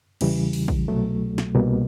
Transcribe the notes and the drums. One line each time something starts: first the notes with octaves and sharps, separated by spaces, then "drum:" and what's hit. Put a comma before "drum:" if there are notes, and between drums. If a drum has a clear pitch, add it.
E2 C#3 E3 G3, drum: cymbal
drum: open hi-hat
drum: kick
C2 B2 F#3 A3
drum: snare
C2 B2 G3 A#3